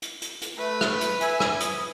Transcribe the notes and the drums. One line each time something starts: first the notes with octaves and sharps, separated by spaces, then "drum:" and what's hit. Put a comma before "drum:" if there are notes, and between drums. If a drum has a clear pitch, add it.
drum: hi-hat
drum: hi-hat
drum: hi-hat
A3 B4
drum: rim click
drum: hi-hat
E5 G#5, drum: hi-hat
drum: rim click
D#6, drum: hi-hat